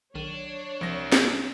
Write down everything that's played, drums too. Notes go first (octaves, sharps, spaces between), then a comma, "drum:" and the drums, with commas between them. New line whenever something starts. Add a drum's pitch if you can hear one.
B1 D#3 D4 C#5 D#7
C2 F3 A#6
drum: snare